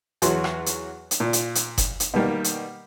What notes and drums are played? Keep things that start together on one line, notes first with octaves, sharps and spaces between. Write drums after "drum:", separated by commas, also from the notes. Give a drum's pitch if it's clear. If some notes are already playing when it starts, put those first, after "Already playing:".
E2 E3 F#3 F#4 C6, drum: hi-hat
drum: rim click
drum: hi-hat
drum: hi-hat
A#2
drum: hi-hat
drum: hi-hat
drum: kick F#1, hi-hat
drum: hi-hat
B2 D#3 G3 A#3
drum: hi-hat